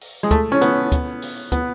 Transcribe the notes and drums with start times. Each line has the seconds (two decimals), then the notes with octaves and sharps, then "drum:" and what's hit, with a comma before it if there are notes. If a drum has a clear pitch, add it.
0.01 drum: open hi-hat
0.23 G#3
0.31 A3, drum: kick, hi-hat
0.52 C#4
0.61 B3, drum: hi-hat
0.92 drum: kick, hi-hat
1.22 drum: open hi-hat
1.52 B3, drum: kick, hi-hat